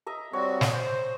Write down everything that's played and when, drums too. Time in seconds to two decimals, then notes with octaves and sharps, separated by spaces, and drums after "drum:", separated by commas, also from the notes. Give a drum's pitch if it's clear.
0.07 D#5 E5 A#5
0.33 G3 C4 F#4 C#5
0.61 drum: snare
0.72 C5